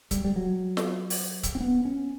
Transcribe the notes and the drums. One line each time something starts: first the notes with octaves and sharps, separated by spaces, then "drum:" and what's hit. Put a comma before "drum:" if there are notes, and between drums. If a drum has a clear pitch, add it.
G3, drum: kick C#1, hi-hat
G3
F#3
drum: snare
drum: open hi-hat
drum: kick C#1, hi-hat
C4
B3
C#4